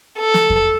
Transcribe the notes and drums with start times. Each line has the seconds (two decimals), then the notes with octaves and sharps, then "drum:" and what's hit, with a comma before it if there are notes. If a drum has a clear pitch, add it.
0.19 A4
0.34 drum: snare
0.50 drum: kick F2